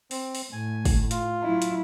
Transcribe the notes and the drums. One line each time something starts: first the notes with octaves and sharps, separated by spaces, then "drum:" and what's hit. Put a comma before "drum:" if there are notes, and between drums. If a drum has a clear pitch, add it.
C4, drum: open hi-hat
drum: open hi-hat
A2 G#5
drum: kick, open hi-hat
F4, drum: hi-hat
F#3 E4
drum: hi-hat